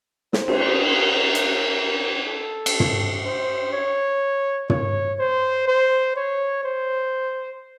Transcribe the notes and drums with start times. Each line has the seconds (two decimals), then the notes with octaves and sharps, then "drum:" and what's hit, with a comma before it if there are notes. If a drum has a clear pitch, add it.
0.33 C5, drum: snare
0.48 drum: cymbal
0.81 A#4
1.35 drum: hi-hat
2.28 A4
2.66 drum: cymbal
2.80 drum: tom
3.25 C5
3.73 C#5
4.70 C#5, drum: tom
5.19 C5
5.68 C5
6.16 C#5
6.64 C5